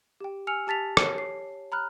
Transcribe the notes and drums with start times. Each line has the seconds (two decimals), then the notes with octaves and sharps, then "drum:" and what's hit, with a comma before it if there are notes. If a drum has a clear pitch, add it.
0.20 G4 G5
0.47 G#5 E6 F6 C#7 F7
0.67 G4 A5 A6 B6 F7
0.97 C#5, drum: rim click
1.18 C7
1.72 A#5 B5 F6 F#6